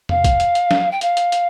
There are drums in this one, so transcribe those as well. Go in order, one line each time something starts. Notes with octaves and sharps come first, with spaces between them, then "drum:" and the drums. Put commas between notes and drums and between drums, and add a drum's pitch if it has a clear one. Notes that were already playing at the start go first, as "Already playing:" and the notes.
F5, drum: tom E2
drum: kick, hi-hat
drum: hi-hat
drum: hi-hat
drum: snare
G5
F5, drum: hi-hat
drum: hi-hat
drum: hi-hat